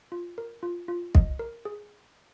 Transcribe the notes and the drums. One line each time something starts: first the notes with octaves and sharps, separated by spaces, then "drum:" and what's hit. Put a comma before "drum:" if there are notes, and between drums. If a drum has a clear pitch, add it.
F4
A#4
F4
F4
D#5, drum: kick
A#4
G#4